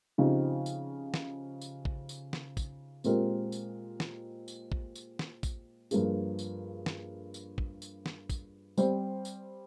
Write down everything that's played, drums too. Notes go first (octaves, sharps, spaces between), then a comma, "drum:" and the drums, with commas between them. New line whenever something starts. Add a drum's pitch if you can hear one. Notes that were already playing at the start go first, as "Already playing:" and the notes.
C#3 F3 C4 D#4 G4
drum: tambourine
drum: snare
drum: tambourine
drum: kick
drum: tambourine
drum: snare
drum: kick, tambourine
A#2 G#3 C4 G4 A#4, drum: tambourine
drum: tambourine
drum: snare
drum: tambourine
drum: kick
drum: tambourine
drum: snare
drum: kick, tambourine
G2 F3 A#3 F4 G#4, drum: tambourine
drum: tambourine
drum: snare
drum: tambourine
drum: kick
drum: tambourine
drum: snare
drum: kick, tambourine
G3 C4 G4 C5, drum: tambourine
drum: tambourine